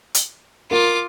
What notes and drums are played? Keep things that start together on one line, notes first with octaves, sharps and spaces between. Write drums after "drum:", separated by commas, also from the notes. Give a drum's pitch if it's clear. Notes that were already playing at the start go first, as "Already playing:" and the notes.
drum: hi-hat
F4 A#4 D6